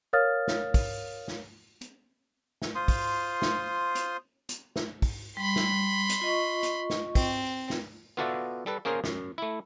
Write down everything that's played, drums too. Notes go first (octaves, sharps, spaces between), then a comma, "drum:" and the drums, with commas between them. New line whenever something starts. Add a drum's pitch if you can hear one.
A#4 C#5 F5 D#6 F6 A6
drum: snare
drum: kick, open hi-hat
drum: snare
drum: hi-hat
drum: snare
F4 C5 C6 D#6
drum: kick, open hi-hat
drum: snare
drum: hi-hat
drum: hi-hat
drum: snare
drum: kick, open hi-hat
G3 B5 C6
drum: snare
drum: hi-hat
F4 D#5 C#6
drum: hi-hat
drum: snare
C4, drum: kick, open hi-hat
drum: snare
B3 F4 F#4 A4 D5 E5
G3 A4 B4
A#3 C#4 G#4 A#4 C5
F#2, drum: snare
A3 E4